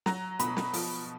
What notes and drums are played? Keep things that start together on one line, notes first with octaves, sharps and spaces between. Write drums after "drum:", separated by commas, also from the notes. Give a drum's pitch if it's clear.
F#3 A#5, drum: snare
B2 B5, drum: hi-hat
drum: snare
F3, drum: open hi-hat